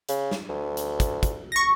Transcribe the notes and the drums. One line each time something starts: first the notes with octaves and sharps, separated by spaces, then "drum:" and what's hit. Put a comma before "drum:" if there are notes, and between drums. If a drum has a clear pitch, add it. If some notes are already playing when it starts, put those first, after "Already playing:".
C#3, drum: hi-hat
drum: snare
D2
drum: hi-hat
drum: kick, hi-hat
drum: kick, hi-hat
C#6 A#6